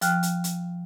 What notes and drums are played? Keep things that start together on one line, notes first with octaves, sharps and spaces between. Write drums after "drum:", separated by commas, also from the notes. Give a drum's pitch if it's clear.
F3 G5 F6 F#6, drum: hi-hat
drum: hi-hat
drum: hi-hat